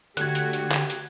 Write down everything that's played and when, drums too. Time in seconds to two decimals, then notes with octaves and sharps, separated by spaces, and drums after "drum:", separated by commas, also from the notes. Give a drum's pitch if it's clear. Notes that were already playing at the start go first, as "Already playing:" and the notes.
0.17 D3 A3 F#4 G4 F#6 G#6, drum: hi-hat
0.35 drum: hi-hat
0.53 drum: hi-hat
0.72 drum: clap
0.90 drum: hi-hat